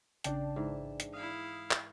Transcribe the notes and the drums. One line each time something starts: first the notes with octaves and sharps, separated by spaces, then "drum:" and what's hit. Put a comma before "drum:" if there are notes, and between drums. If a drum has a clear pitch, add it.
A1 C#3 D4 D5 G5 A5, drum: hi-hat
G#2 E3
drum: hi-hat
E4 F5 D#6
drum: clap